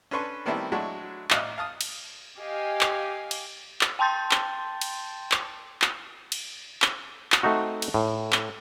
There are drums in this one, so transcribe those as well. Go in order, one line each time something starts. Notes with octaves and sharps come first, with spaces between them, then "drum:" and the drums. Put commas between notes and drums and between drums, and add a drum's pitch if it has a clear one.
C#4 D4 A4 B4 C6 C#6
D#3 G3 A3 B3 C4 E4
F#3 G#3 A3 D4 E4 F#4
A1 D5 D#5 F5 F#6, drum: clap
F5 A5 D#6
drum: cymbal
G4 D#5 F5 G#5
drum: clap
drum: cymbal
drum: clap
G5 A5 C6 G6 A6
drum: clap
drum: cymbal
drum: clap
drum: clap
drum: cymbal
drum: clap
drum: clap
A3 C4 D#4 F#4
drum: cymbal
A2
drum: clap